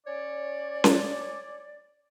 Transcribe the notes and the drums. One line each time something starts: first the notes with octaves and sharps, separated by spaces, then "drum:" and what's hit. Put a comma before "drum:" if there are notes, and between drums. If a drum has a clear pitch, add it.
C#4 C#5 D5
drum: snare C#4